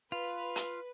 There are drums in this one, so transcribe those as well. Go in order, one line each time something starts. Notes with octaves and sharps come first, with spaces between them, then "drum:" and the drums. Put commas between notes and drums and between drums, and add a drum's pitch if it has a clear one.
F4 B4
drum: hi-hat